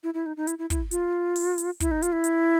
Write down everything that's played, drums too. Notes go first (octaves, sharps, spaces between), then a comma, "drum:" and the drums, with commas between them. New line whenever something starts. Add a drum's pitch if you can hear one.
E4
E4
D#4
D#4
E4, drum: hi-hat
E4
E4, drum: kick, hi-hat
F4, drum: hi-hat
drum: open hi-hat
drum: hi-hat
E4, drum: kick, hi-hat
D#4
F4, drum: hi-hat
E4
drum: hi-hat